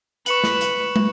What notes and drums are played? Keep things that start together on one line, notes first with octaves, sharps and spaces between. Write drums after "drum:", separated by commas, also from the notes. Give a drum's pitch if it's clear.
B4 C#6 C#7 F#7, drum: hi-hat
drum: snare
drum: hi-hat
drum: tom